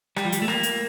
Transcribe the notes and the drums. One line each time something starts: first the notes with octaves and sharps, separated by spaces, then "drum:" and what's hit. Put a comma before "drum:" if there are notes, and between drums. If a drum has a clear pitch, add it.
G3, drum: rim click
F3
G3, drum: hi-hat
A3
A#3, drum: rim click
drum: hi-hat